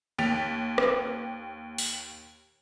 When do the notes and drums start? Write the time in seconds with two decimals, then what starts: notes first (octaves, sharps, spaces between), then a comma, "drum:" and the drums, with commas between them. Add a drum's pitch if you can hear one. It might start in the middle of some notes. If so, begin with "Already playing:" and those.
0.18 D#2 G5 A6 B6 D7 F7
0.78 drum: rim click
1.78 drum: open hi-hat